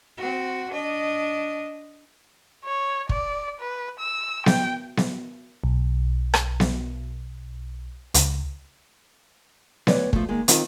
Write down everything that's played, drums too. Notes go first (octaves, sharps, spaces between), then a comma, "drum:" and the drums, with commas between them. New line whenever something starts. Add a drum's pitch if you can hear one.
C4 F#4
D4 D#5
C#5
D5, drum: kick
B4
E6
G5, drum: snare B3
drum: snare B3
B1
drum: rim click
drum: snare B3
C#2, drum: hi-hat
D2 B4 C#5 D5, drum: snare B3
F3 A3, drum: kick
D#3 G#3 A#3
D#3 C4 F4 A#4, drum: hi-hat